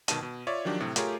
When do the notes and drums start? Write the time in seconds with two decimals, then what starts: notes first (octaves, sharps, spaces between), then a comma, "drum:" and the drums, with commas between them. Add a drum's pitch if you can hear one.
0.08 G1 B2 D#3 A5 D#7, drum: hi-hat
0.22 B2
0.47 F4 C#5 D5 E5
0.65 D#3 F3 F#3 D4 G4
0.80 A2 C3
0.96 A3 F4 G4 G#4 A#4 C#5, drum: hi-hat